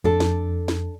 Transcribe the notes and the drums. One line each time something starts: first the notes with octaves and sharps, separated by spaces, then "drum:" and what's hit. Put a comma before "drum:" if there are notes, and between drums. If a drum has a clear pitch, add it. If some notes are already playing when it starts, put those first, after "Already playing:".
F2 D4 A4
drum: snare
drum: snare